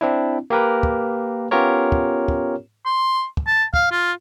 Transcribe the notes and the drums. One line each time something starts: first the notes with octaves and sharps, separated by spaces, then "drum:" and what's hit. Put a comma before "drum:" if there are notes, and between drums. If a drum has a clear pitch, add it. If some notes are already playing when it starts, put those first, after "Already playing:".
C4 D4 E4
A#3 G4 A#4 B4
drum: kick
B3 C#4 F4 G4 A#4 C#5
drum: kick
drum: kick
C6
drum: kick
A5
F5, drum: kick
F4